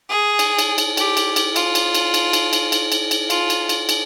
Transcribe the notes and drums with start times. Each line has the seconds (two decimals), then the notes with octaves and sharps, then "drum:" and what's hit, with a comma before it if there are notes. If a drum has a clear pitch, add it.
0.10 G#4
0.39 drum: cymbal
0.59 drum: cymbal
0.78 drum: cymbal
0.97 G4, drum: cymbal
1.17 drum: cymbal
1.36 drum: cymbal
1.56 F4, drum: cymbal
1.75 drum: cymbal
1.95 drum: cymbal
2.14 drum: cymbal
2.33 drum: cymbal
2.53 drum: cymbal
2.72 drum: cymbal
2.92 drum: cymbal
3.11 drum: cymbal
3.30 F4, drum: cymbal
3.50 drum: cymbal
3.69 drum: cymbal
3.89 drum: cymbal